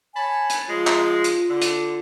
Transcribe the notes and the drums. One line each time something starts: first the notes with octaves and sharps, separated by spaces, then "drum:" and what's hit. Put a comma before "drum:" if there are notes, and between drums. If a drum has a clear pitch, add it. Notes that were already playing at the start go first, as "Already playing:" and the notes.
C#5 G#5 A5 B5
drum: hi-hat
F3 G#3 F4
drum: clap
drum: hi-hat
D3
drum: hi-hat